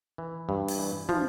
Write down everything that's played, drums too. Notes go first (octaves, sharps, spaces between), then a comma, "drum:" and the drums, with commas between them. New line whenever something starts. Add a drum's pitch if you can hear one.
E3
G2
drum: open hi-hat
E3
F3, drum: tom